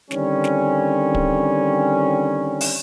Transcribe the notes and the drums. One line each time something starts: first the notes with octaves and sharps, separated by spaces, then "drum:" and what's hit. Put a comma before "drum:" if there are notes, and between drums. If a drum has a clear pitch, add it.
D3 D#3 G3 C4 C#4, drum: snare
drum: snare
drum: kick
drum: open hi-hat